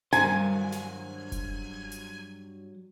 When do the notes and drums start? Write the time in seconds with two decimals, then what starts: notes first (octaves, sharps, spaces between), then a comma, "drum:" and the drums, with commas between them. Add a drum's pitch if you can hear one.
0.13 G2 F#3 A#4 C5 G#5, drum: hi-hat
0.72 drum: snare
1.32 drum: kick F1, hi-hat
1.92 drum: hi-hat